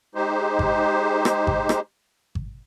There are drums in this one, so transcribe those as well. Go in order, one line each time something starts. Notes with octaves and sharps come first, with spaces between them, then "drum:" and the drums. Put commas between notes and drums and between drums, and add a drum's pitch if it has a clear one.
G#3 D#4 G4 C5
drum: kick G#1
drum: rim click
drum: kick G#1
drum: rim click
drum: kick G#1